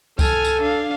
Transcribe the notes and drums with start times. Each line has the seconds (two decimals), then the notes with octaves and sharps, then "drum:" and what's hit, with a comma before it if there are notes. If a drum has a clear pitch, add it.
0.19 A4 G#5 F6, drum: kick C#2, tambourine
0.44 drum: tambourine
0.62 D4 F5